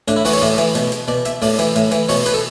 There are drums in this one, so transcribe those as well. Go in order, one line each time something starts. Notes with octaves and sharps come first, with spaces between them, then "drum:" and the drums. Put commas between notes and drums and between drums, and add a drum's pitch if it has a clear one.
A2 D4, drum: hi-hat
E4
E3 F#4, drum: open hi-hat
C#5
A2 D5
E3, drum: hi-hat
B2, drum: hi-hat
drum: hi-hat
B2 D5
E5, drum: hi-hat
A2 D5, drum: open hi-hat
E3, drum: hi-hat
A2, drum: hi-hat
E3, drum: hi-hat
B2 C#5, drum: open hi-hat
B4, drum: hi-hat
A4